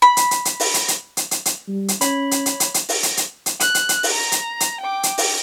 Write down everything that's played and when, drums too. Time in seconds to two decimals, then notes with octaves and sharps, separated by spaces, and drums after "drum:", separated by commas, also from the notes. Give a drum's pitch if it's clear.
0.02 B5
0.17 drum: hi-hat
0.31 drum: hi-hat
0.45 drum: hi-hat
0.60 drum: open hi-hat
0.74 drum: hi-hat
0.88 drum: hi-hat
1.17 drum: hi-hat
1.31 drum: hi-hat
1.45 drum: hi-hat
1.68 G3
1.88 drum: hi-hat
2.01 C#4 C#5 B5, drum: hi-hat
2.31 drum: hi-hat
2.46 drum: hi-hat
2.60 drum: hi-hat
2.74 drum: hi-hat
2.89 drum: open hi-hat
3.03 drum: hi-hat
3.17 drum: hi-hat
3.46 drum: hi-hat
3.60 F#6, drum: hi-hat
3.75 drum: hi-hat
3.89 drum: hi-hat
4.03 drum: open hi-hat
4.12 A#5
4.32 drum: hi-hat
4.60 drum: hi-hat
4.81 G5 D6
5.03 drum: hi-hat
5.18 drum: open hi-hat